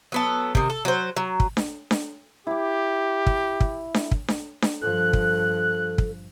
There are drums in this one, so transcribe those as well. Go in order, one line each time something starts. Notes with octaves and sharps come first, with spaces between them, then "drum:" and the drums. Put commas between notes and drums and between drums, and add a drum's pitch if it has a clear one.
F#3 B3 A4
C3 D#3, drum: kick
A4
F#3 C5
F#3
drum: kick
drum: snare D4
drum: snare D4
E4 G4 D6
drum: kick
drum: kick
drum: snare D4
drum: kick
drum: snare D4
drum: snare D4
G2 F3 A4 F#6
drum: kick
drum: kick